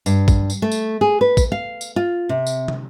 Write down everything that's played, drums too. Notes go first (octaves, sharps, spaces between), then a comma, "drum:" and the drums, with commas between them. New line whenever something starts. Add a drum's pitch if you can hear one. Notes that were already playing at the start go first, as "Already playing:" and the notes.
G2, drum: tambourine
drum: kick, tambourine
drum: tambourine
A3
drum: tambourine
G#4
B4
drum: kick, tambourine
F5
drum: tambourine
F4
C3
drum: tambourine
drum: tom